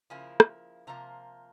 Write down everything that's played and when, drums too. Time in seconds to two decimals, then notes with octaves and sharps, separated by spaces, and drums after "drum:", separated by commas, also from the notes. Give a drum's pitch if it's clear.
0.10 C#3 F3 A#3 E4 G#5
0.40 drum: rim click
0.87 C3 F3 A#3 F4 A#5